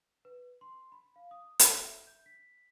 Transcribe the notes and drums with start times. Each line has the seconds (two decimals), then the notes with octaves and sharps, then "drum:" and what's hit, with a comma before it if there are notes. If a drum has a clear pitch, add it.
0.25 B4
0.61 C6
0.92 B5
1.16 F5
1.31 D#6
1.59 A4, drum: hi-hat
1.80 E5
2.07 G6
2.26 B6